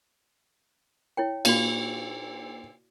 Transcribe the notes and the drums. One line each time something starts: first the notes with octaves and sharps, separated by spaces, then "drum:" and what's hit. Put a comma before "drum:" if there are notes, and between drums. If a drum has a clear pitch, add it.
E4 C#5 G5
A#2 F#4 D5 F5, drum: cymbal